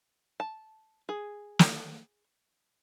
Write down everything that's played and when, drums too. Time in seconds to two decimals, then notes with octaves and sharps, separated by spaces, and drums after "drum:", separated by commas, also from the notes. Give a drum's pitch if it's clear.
0.40 A5
1.09 G#4
1.59 drum: snare